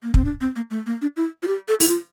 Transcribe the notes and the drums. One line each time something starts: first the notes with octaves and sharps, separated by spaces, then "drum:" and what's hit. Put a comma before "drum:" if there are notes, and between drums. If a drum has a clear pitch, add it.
A#3
C4, drum: kick
D4
C4
A#3
A3
A#3
D4
E4
F4
G4
A4
E4, drum: open hi-hat
F4